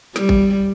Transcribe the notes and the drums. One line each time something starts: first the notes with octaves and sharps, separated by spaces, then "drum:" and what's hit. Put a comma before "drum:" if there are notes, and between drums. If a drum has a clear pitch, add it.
G3, drum: snare
drum: kick A1